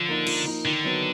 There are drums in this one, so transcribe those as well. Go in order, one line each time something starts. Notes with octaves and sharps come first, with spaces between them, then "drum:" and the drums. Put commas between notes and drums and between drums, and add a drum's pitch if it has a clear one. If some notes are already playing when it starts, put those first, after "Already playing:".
Already playing: D3 F3
A#3 D#4
F3, drum: cymbal
A#3 D#4
D3 D#3
F#3 B3 D#4